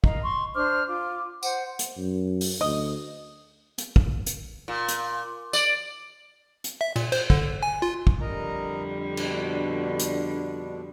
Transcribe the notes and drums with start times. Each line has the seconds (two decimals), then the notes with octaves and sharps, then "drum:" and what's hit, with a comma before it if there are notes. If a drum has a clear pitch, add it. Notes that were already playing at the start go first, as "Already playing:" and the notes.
0.04 A#4 D#5 F5 A#5, drum: kick
0.23 C6 C#6
0.54 D4 C5 D6 F6
0.87 F4 D6
1.43 C5 F#5, drum: tambourine
1.79 drum: hi-hat
1.98 F#2
2.41 drum: open hi-hat
2.61 D2 D#5
3.78 drum: hi-hat
3.96 drum: kick
4.26 drum: hi-hat
4.68 A#2
4.88 drum: hi-hat
5.53 D5, drum: tambourine
6.64 drum: hi-hat
6.81 E5
6.96 A#2, drum: cymbal
7.12 C5, drum: cymbal
7.30 D3, drum: kick
7.63 G#5
7.82 F4
8.07 drum: kick
8.21 F2 D3 G3 A#4 D#5 A#5
9.17 B2 D4, drum: cymbal
9.99 drum: hi-hat